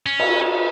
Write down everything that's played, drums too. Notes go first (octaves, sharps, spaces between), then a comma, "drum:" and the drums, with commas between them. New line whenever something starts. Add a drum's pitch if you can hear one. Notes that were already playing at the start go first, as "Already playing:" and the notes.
C#4
drum: cymbal